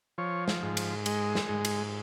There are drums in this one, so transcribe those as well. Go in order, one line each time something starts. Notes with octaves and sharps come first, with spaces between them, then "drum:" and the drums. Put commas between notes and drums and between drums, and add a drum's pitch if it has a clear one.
F3 C#5
drum: snare
G#2
drum: cymbal
G#3 D#5, drum: cymbal
drum: snare
G#2
drum: cymbal